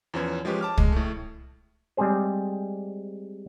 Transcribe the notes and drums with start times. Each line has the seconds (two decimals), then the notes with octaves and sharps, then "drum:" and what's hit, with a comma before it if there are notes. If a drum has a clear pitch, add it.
0.14 E2 F3 C#4 B4 G#6
0.45 F3 G#3 C#4 G4 B4 C#5
0.61 A5 D6 F6
0.77 G#3, drum: kick
0.92 A2 A3
1.97 G3 G#3 C4 G#4 C5